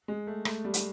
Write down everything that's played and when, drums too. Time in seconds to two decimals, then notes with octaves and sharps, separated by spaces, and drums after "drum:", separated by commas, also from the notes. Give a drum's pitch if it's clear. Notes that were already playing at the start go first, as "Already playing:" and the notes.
0.08 G#3
0.27 A3
0.45 A3, drum: rim click
0.65 G3
0.74 drum: hi-hat